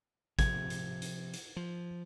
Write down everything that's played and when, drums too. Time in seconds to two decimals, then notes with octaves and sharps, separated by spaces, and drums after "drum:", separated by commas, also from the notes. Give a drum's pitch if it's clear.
0.39 C3 F3 G#6, drum: kick, hi-hat
0.70 drum: hi-hat
1.02 drum: hi-hat
1.34 drum: hi-hat
1.56 F3